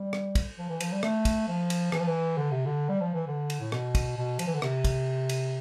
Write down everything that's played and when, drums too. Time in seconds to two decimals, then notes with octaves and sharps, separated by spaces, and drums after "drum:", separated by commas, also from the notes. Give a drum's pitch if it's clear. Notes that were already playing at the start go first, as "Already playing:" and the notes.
Already playing: G3
0.13 drum: rim click
0.35 drum: kick, cymbal
0.58 F3
0.69 E3
0.81 F3, drum: cymbal
0.92 G3
1.03 A3, drum: rim click
1.25 drum: kick, cymbal
1.48 F3
1.70 drum: cymbal
1.92 E3, drum: rim click
2.00 F3
2.07 E3
2.37 D3
2.51 C3
2.65 D3
2.89 G3
3.01 F3
3.14 E3
3.27 D3
3.50 drum: cymbal
3.60 A2
3.72 B2, drum: rim click
3.95 drum: kick, cymbal
4.17 B2
4.39 F3, drum: cymbal
4.47 E3
4.55 D3
4.62 C3, drum: rim click
4.85 drum: kick, cymbal
5.29 drum: cymbal